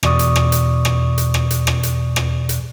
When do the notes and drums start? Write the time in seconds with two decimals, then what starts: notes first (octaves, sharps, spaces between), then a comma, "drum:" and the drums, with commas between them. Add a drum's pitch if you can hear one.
0.03 E2 B2 D5 C#6 D#6, drum: rim click
0.19 drum: hi-hat
0.36 drum: rim click
0.52 drum: hi-hat
0.85 drum: rim click
1.18 drum: hi-hat
1.34 drum: rim click
1.50 drum: hi-hat
1.67 drum: rim click
1.83 drum: hi-hat
2.16 drum: rim click
2.49 drum: hi-hat